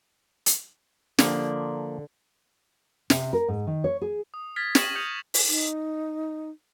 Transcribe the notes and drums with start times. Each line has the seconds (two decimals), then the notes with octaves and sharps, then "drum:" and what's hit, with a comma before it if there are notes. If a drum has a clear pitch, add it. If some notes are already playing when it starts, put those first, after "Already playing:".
0.46 drum: hi-hat
1.19 D3 F3 A#3, drum: snare
3.10 C3, drum: snare
3.33 A#4
3.48 G#2
3.67 D#3
3.84 C#5
4.02 G#4
4.34 D#6
4.56 F6 G#6 A6 B6
4.75 C#6 A#6 D#7 E7 F#7, drum: snare
4.95 D#6 G6 C#7 F7
5.34 drum: open hi-hat
5.49 D#4